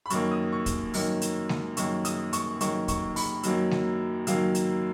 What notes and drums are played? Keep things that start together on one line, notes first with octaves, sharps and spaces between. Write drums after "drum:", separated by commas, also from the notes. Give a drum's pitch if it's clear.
B5
F#2 D#3 A#3 C#6, drum: hi-hat
D#6
C#6
drum: kick, hi-hat
F#2 D#3 A#3, drum: open hi-hat
drum: hi-hat
drum: snare G#3
F#2 D#3 A#3 C#6, drum: hi-hat
D#6, drum: hi-hat
C#6, drum: hi-hat
F#2 D#3 A#3 C#6, drum: hi-hat
C#6, drum: kick, hi-hat
B5, drum: open hi-hat
F#2 D#3 F#3 A#3, drum: hi-hat
drum: snare G#3
F#2 D#3 F#3 A#3 F5, drum: hi-hat
drum: hi-hat